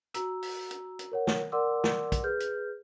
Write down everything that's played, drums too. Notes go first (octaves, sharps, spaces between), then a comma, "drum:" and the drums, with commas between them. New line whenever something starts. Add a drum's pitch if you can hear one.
F#4 A#5 E6, drum: hi-hat
drum: open hi-hat
drum: hi-hat
drum: hi-hat
A#4 C#5 F#5
drum: snare
A#4 D5 F#5 C6 D6 E6
drum: snare
drum: kick, hi-hat
G#4 B4 F6 G6
drum: hi-hat